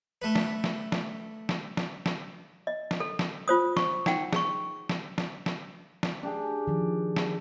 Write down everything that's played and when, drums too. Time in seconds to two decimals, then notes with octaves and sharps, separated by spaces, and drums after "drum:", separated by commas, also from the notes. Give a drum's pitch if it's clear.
0.22 A3 B4
0.35 drum: snare
0.64 drum: snare
0.92 drum: snare
1.49 drum: snare
1.77 drum: snare
2.06 drum: snare
2.67 D#5
2.91 drum: snare
3.00 A4
3.19 drum: snare
3.48 F4 C5 D#6
3.77 C#6, drum: snare
4.06 D#4 F#5 G5, drum: snare
4.33 G#4 C#6, drum: snare
4.89 drum: snare
5.18 drum: snare
5.46 drum: snare
6.03 drum: snare
6.23 D4 G4 G#4
6.67 D#3 F3
7.16 drum: snare